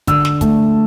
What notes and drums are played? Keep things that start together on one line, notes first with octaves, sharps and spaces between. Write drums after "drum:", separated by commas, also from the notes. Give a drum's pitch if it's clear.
D3 E6, drum: kick, hi-hat
drum: snare
A3, drum: kick, hi-hat